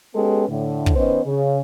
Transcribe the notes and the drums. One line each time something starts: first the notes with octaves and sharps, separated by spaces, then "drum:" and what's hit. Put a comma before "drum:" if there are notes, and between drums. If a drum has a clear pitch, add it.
G#3 B3 C#4 G4 A4 B4
A2 D3
drum: kick
D#3 B3 C#4 B4 C5 D#5
C#3